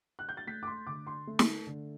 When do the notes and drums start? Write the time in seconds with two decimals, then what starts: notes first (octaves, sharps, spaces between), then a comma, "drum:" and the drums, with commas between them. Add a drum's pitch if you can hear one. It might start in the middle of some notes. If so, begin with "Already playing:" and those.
0.19 F#6
0.29 G6
0.37 A6
0.47 A3 B6
0.63 D6
0.67 C6
0.87 D3 D6
1.07 C6
1.27 A3
1.39 drum: snare
1.66 D3